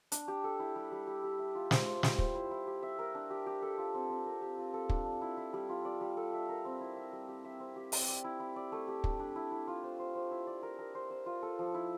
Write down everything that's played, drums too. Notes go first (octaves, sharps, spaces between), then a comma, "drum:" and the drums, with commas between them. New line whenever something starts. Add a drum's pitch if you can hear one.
D4, drum: hi-hat
G4
A4
E4
G3
G3
G4
G4
E5
F4
C5, drum: snare
C5
G3, drum: snare
C5, drum: kick
E4
E4
G4
E5
A#4
D4
G4
G4
A4
F4
C4
C4
A#4
G4
F4
A4
D4, drum: kick
D4
E4
E4
G3
F4
D5
G3
A4
E5
A#4
C4
E4
E5
G3
G4
E5
C4
G4
C4, drum: open hi-hat
D5
E4
E4
D5
A3
G4
D4, drum: kick
D4
E4
E4
F4
C5
C5
C5
E4
D5
A#4
A#4
C5
C5
F4
A4
F3
E4